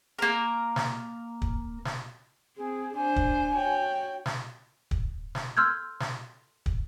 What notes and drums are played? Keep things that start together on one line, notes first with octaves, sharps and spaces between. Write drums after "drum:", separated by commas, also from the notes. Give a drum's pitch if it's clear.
A#3 A#4
drum: snare
drum: kick
drum: snare
C4 G#4
D4 C5 G#5
drum: kick
F#4 C#5 G5
drum: snare
drum: kick
drum: snare
C6 E6 F6 G6 G#6
drum: snare
drum: kick